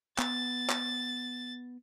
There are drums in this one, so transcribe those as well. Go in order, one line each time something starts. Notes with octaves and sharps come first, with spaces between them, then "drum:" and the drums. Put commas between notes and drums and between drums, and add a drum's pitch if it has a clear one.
B3 A6, drum: clap
drum: clap